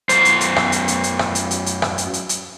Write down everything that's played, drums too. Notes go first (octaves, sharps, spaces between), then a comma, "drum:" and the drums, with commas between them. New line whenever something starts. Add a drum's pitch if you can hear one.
F#2 C5, drum: hi-hat
drum: hi-hat
drum: hi-hat
drum: rim click
drum: hi-hat
drum: hi-hat
drum: hi-hat
drum: rim click
drum: hi-hat
drum: hi-hat
drum: hi-hat
drum: rim click
drum: hi-hat
drum: hi-hat
drum: hi-hat